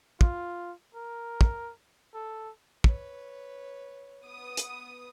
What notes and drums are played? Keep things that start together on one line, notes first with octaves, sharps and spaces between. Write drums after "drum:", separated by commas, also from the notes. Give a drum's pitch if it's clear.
F4, drum: kick
A#4
drum: kick
A4
B4 C#5, drum: kick
B3 D#6
drum: hi-hat